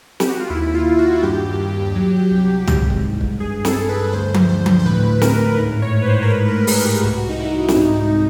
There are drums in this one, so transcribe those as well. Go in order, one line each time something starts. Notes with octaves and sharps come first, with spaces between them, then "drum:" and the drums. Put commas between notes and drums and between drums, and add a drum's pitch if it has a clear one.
G4, drum: snare
F#4
F4
D#2 E4
F4
D#2
F#4
G2 G4
G2
F#3
C2
G#2, drum: tom
drum: kick
G#2
drum: kick
G2 G#4
A4, drum: snare
G2
B4
D2 C5
drum: tom F3
D2 C5
drum: tom F3
C5
A2 B4
A2 A#4, drum: snare
G#2
C#5
G#2
B4
C5
A#4
A2 B4
A#4
A2 G#4, drum: open hi-hat
G4
C2 F#4
D#4
C2 E4
D4, drum: snare
G#2 D#4